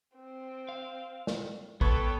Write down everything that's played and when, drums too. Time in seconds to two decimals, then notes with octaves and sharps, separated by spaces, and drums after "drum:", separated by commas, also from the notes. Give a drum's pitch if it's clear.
0.16 C4
0.69 F5
1.27 drum: snare
1.81 B3 A4 B4 C#5 G5 C#6 G#6, drum: kick A1